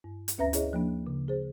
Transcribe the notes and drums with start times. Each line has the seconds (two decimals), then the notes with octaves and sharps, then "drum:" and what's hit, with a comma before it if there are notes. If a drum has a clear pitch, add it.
0.04 G2
0.28 drum: hi-hat
0.38 D2 C#4 B4 E5 A#5 A#6
0.53 E4 G#4 C#5 D#5, drum: hi-hat
0.73 F3 A#3 D4
1.07 C#3
1.28 G#4 C5